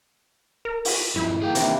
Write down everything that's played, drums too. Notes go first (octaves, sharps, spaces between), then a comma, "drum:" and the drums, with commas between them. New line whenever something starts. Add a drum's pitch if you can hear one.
A#4
drum: open hi-hat
G2 F3 E4
D#3 A#3 G#4 G5
C3 E3 C4 D4, drum: hi-hat